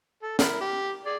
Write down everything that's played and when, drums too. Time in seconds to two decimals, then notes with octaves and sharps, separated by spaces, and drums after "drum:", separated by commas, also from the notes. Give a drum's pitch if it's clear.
0.23 A4
0.39 E4 A#4, drum: snare
0.61 G4
1.05 G#4 D5